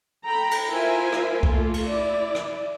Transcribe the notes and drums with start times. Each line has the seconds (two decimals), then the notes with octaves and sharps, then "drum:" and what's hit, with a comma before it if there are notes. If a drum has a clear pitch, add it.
0.24 A4 G5 A#5 B5
0.51 drum: cymbal
0.69 E4 F4 A#4 C5 E5 G#5
1.12 drum: rim click
1.43 A3 A#3 F4 A4, drum: kick C2
1.74 drum: cymbal
1.87 E4 D5
2.35 drum: rim click